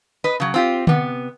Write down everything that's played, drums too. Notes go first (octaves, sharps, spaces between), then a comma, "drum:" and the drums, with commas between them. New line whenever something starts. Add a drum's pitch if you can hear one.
B4 D#5
C#3 F#3
C4 F4 G4
C3 B3, drum: tom D3